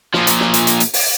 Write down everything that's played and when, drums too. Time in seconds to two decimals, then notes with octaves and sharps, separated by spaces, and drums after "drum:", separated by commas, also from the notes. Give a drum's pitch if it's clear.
0.14 A#2 F3, drum: snare
0.27 drum: hi-hat
0.40 drum: snare
0.54 drum: hi-hat
0.67 drum: hi-hat
0.80 drum: hi-hat
0.94 drum: open hi-hat